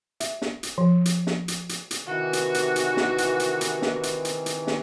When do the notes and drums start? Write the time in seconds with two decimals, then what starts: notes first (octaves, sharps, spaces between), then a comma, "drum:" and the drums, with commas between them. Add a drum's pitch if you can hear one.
0.20 E5, drum: hi-hat
0.42 drum: snare
0.63 drum: hi-hat
0.78 F3
1.05 drum: hi-hat
1.27 drum: snare
1.48 drum: hi-hat
1.69 drum: hi-hat
1.91 drum: hi-hat
2.07 C3 D#3 E3 F#4
2.33 drum: hi-hat
2.54 drum: hi-hat
2.76 drum: hi-hat
2.97 drum: snare
3.18 drum: hi-hat
3.40 drum: hi-hat
3.61 drum: hi-hat
3.82 drum: snare
4.03 drum: hi-hat
4.25 drum: hi-hat
4.46 drum: hi-hat
4.67 drum: snare